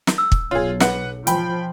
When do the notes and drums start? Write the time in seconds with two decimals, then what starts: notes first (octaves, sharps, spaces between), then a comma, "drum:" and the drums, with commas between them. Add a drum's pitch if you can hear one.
0.07 drum: snare
0.18 E6
0.32 drum: kick
0.51 B1 F4 G#4 C#5
0.80 G#4 B4 F#5, drum: snare
1.27 F3 G5 G#5 B5, drum: hi-hat